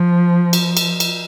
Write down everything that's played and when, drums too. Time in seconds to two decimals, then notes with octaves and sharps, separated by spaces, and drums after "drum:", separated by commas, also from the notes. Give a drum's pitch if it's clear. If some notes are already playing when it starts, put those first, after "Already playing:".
Already playing: F3
0.53 drum: cymbal
0.77 drum: cymbal
1.00 drum: cymbal